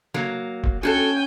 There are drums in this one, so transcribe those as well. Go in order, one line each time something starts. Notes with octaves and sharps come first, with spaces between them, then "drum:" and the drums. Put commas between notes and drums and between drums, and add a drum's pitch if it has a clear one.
F#3 A#3, drum: snare
drum: kick
C#4 F#4 G#4 A4 G5 G#5